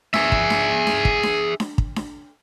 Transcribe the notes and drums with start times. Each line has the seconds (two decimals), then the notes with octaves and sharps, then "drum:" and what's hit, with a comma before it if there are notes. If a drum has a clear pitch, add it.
0.14 G#4 E5, drum: snare D4
0.32 drum: kick
0.50 drum: snare D4
0.87 drum: snare D4
1.05 drum: kick
1.23 drum: snare D4
1.60 drum: snare D4
1.78 drum: kick
1.96 drum: snare D4